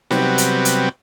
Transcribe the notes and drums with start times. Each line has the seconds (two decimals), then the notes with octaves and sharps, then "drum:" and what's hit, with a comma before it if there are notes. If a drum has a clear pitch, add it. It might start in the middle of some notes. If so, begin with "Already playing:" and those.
0.11 C3 F#3 G3 B3, drum: snare D#4
0.38 drum: hi-hat
0.65 drum: hi-hat